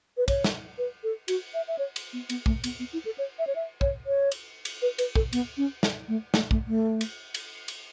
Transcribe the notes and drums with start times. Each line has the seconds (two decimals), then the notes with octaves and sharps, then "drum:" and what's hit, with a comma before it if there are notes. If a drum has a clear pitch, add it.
0.17 B4
0.28 C#5, drum: kick, cymbal
0.44 drum: snare
0.78 B4
1.04 A4
1.28 F#4, drum: cymbal
1.54 E5
1.68 E5
1.78 C#5
1.96 drum: cymbal
2.13 B3
2.30 B3, drum: cymbal
2.46 A3, drum: kick
2.64 B3, drum: cymbal
2.79 B3
2.93 E4
3.05 A4
3.18 C#5
3.39 E5
3.47 C#5
3.56 E5
3.81 C#5, drum: kick
4.06 C#5
4.32 drum: cymbal
4.65 drum: cymbal
4.82 B4
4.98 B4, drum: cymbal
5.15 A4, drum: kick
5.33 B3, drum: cymbal
5.57 C#4
5.83 drum: snare
6.08 A3
6.34 A3, drum: snare
6.51 A3, drum: kick
6.67 A3
7.01 drum: cymbal
7.34 drum: cymbal
7.68 drum: cymbal